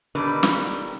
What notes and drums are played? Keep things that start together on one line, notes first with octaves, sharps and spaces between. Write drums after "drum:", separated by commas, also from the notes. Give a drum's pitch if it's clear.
B2 D3 D#3 G3 D4 B4
drum: snare